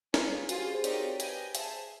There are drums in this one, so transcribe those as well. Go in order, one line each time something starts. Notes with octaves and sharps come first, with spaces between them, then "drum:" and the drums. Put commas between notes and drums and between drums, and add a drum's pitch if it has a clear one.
C#4 F4 G#4 B4, drum: snare
F4 F#4 G#4 C5, drum: hi-hat
G4
G#4
C5
C4 D#4 G4 A#4 C#5 D5, drum: hi-hat
G4 B4 D#5 G#5, drum: hi-hat
G#4 C5 E5 A5, drum: hi-hat